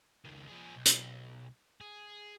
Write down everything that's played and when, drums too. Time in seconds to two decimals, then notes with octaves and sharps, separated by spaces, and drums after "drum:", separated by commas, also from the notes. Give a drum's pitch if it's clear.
0.25 C#2 D#3
0.48 F3 G#4
0.76 B1
0.86 drum: hi-hat
1.81 G#4